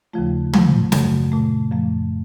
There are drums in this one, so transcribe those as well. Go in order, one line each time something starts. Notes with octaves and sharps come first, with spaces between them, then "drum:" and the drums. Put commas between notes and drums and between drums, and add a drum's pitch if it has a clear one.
D#2 C#3 F3 A3 F4
C3 F3 A3, drum: tom
F#2 C#3 F#3 A3 F#4, drum: snare
A#2 A3
F#2 F3 A3